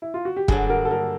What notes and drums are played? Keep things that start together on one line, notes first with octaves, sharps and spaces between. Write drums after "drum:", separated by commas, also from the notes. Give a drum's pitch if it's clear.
E4
F4
F#4
G4
G2 D3 F#3 G#4, drum: kick
A#4
A4
A#4